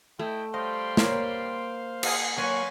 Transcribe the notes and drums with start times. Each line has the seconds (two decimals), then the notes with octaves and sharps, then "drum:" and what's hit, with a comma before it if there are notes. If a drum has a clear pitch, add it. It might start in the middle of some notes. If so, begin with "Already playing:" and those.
0.19 A3 E4 D#5 G5
0.54 G3 C5 D#5 F5 G5 C6
0.97 A#3 A#4 C#5, drum: snare
2.03 G#4 D#5, drum: cymbal
2.37 F#3 A#3 F4 B4 G#5 C#6